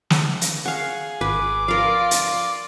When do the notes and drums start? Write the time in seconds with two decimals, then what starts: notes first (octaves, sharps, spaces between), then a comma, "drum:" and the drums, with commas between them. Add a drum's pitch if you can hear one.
0.10 drum: snare
0.41 drum: hi-hat
0.66 G#4 F5 F#5 C#6
1.21 G#1 B4 D6
1.68 F3 F4 A#4 D5 F5
2.11 drum: hi-hat